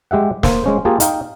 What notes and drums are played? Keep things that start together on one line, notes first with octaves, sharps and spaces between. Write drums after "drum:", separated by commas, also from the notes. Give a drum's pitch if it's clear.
G#3 G4 E5 F#5
A#3 C5, drum: snare
G#3 C#4 C5
A#3 F4 G4 G#4 A#4 A5
D#4 F5 G5, drum: hi-hat